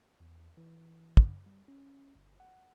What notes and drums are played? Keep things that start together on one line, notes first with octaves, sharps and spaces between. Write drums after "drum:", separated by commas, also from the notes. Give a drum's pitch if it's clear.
E2
E3
drum: kick
G3
C#4
G1
F#5